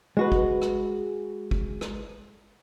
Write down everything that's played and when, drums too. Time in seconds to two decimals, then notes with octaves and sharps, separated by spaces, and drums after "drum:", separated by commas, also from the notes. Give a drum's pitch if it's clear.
0.17 G#3 F#4 B4
0.32 drum: kick
0.62 drum: rim click
1.51 drum: kick
1.81 drum: rim click